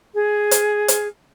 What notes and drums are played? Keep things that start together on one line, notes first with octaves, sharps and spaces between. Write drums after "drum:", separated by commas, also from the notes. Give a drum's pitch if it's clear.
G#4
drum: hi-hat
drum: hi-hat